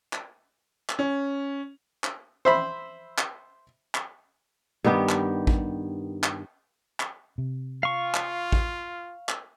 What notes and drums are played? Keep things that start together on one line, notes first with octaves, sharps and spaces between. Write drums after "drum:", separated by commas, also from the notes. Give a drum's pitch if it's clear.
drum: clap
drum: clap
C#4
drum: clap
C5 E5 B5
drum: clap
drum: clap
G2 D#3 B3 G4
drum: clap
drum: kick
drum: clap
drum: clap
C3
F4 F5 C#6
drum: clap
drum: kick
drum: clap